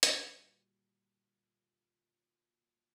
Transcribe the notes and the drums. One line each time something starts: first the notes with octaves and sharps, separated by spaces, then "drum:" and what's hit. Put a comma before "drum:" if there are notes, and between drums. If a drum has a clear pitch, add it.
A#2 D3 D#3 G3 F#4, drum: hi-hat